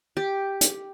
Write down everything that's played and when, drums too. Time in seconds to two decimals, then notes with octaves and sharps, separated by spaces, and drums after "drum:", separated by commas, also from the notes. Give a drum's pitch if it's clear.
0.17 G4
0.61 drum: hi-hat